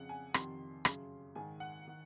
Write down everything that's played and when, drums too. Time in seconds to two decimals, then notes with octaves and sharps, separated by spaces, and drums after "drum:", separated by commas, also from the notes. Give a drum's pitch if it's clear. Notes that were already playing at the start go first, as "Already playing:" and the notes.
Already playing: F2 C#3 F#5
0.09 G#5
0.34 F2 C3 D#3 C6, drum: rim click
0.85 F#2 C#3, drum: rim click
1.36 G#2 D#3 G#5
1.60 F#5
1.88 D#3